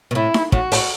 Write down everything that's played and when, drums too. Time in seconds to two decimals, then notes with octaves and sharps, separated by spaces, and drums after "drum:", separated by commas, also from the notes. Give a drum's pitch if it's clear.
0.11 B2
0.15 A2 E4
0.34 drum: snare D#4
0.52 A2 F#4, drum: kick
0.72 A2, drum: open hi-hat